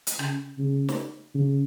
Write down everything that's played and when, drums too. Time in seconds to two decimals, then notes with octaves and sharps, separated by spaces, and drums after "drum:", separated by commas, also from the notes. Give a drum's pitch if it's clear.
0.07 drum: hi-hat
0.19 C#3, drum: rim click
0.58 C#3
0.89 drum: snare
1.34 C#3